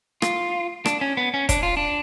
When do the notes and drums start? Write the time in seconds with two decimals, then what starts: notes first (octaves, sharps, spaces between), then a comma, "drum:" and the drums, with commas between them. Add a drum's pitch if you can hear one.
0.22 F4, drum: rim click
0.86 D4, drum: rim click
1.01 C#4
1.17 B3
1.34 C#4
1.49 D4, drum: kick, hi-hat
1.63 F4
1.77 D4